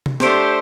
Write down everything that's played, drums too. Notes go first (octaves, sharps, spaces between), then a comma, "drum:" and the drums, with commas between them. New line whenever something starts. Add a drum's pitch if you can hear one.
drum: tom C3
A3 D4 G4 C5, drum: snare